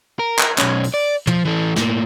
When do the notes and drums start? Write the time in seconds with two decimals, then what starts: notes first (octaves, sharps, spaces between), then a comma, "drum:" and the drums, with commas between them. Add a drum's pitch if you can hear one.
0.19 A#4
0.39 drum: clap
0.58 B1 C#4, drum: clap
0.84 drum: open hi-hat
0.94 D5
1.27 F3, drum: tom
1.45 E3 A4
1.76 A2 A#3, drum: snare